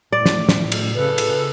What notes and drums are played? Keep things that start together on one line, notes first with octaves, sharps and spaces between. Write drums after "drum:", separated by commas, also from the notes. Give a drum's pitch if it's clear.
A2 D5
drum: snare
drum: snare
drum: cymbal
C#3 A4 B4
drum: cymbal